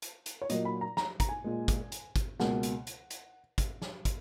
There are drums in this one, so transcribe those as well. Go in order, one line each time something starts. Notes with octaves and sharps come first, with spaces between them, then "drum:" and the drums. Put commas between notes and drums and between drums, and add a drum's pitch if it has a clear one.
drum: hi-hat
drum: hi-hat
C#5
A#2 F#3 A#3 D#5, drum: hi-hat
B5
A#5
A#5, drum: snare
A#5, drum: kick, hi-hat
G#5
A#2 G#3
drum: kick, hi-hat
drum: hi-hat
drum: kick, hi-hat
C#2 B2 A#3 F#5, drum: snare
drum: hi-hat
drum: hi-hat
drum: hi-hat
drum: kick, hi-hat
drum: snare
drum: kick, hi-hat